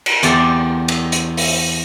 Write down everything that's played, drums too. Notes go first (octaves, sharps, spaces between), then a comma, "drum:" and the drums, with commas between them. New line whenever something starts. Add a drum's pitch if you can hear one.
drum: cymbal
E2 G4 A4 D5 C6, drum: hi-hat
drum: cymbal
drum: hi-hat
drum: open hi-hat